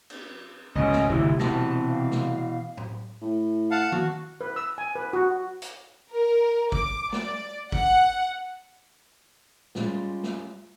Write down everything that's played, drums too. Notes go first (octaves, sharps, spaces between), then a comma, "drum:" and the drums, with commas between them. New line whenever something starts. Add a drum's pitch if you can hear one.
drum: cymbal
C#2 G#2 B2 C#4 D#5
drum: snare
G1 D2 C3 E3 E4
B2 E3 A5, drum: snare
F5
drum: snare
drum: tom A2
A2
F5 F#5 A5
F#4, drum: tom D#3
B4
E6
G#5
B4
F#4
drum: hi-hat
A#4
D6, drum: kick
D5, drum: snare
F#5, drum: kick
G3 G#3 C#4 F4, drum: snare
drum: snare